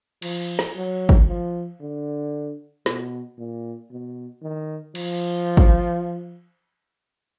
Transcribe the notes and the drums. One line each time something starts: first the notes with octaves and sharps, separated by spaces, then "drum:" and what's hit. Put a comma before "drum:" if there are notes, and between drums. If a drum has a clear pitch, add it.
F3, drum: cymbal
drum: snare
F#3
drum: kick
F3
D3
B2, drum: snare
A#2
B2
D#3
F3, drum: cymbal
drum: kick